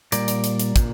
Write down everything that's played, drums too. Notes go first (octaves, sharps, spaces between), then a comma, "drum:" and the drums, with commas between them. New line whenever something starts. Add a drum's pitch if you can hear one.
A#2 G3 A#4 D5, drum: hi-hat
drum: hi-hat
drum: hi-hat
drum: hi-hat
A#2, drum: kick, hi-hat